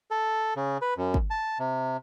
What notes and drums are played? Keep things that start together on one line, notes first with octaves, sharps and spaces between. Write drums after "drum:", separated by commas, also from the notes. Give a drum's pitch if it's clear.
A4
C#3
B4
F#2
drum: kick
A5
C3